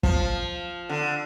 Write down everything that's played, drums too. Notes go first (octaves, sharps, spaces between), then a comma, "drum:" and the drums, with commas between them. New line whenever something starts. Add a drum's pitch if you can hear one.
F3, drum: kick
D3